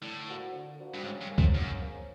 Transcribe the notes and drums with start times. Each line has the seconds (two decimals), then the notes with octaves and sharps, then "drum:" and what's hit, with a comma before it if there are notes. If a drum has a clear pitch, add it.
0.02 A2 D3
0.27 F3 A#3 D4 F#4
0.53 D3
0.78 F3 A#3 D4 F#4
0.94 G2
1.03 G#2 C#3
1.21 G2
1.29 F3 A#3 C#4
1.38 A#2, drum: kick
1.54 F#2 C#3
1.80 F3 A#3 C#4